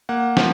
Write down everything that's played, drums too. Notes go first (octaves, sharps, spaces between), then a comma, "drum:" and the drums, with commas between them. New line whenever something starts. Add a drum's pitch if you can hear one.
A#3 F#5
F3, drum: snare